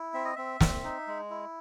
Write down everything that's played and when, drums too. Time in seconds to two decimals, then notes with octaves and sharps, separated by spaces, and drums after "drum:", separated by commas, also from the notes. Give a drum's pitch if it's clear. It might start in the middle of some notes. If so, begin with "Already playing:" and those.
Already playing: E4
0.14 C4 E5
0.25 D#5
0.36 C4 E5
0.61 C4, drum: snare
0.84 D#4
1.07 G#3
1.30 E4